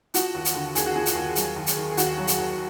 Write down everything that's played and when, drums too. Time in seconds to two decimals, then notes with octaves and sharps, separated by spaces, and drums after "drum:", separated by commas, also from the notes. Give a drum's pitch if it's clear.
0.14 F3 F#4, drum: hi-hat
0.34 D#2
0.45 drum: hi-hat
0.55 D3
0.75 D#2 G#4, drum: hi-hat
0.86 F#4
0.96 F3 G#4
1.06 drum: hi-hat
1.15 D#2
1.35 F#3, drum: hi-hat
1.56 D#2
1.67 drum: hi-hat
1.76 D#3
1.91 G#4
1.97 D#2 F#4, drum: hi-hat
2.18 F#3
2.27 drum: hi-hat
2.38 D#2